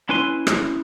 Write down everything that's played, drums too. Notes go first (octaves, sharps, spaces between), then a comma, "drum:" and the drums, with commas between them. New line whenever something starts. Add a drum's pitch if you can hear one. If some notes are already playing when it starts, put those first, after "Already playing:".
C#4 E4 B4 G#5 C6
drum: rim click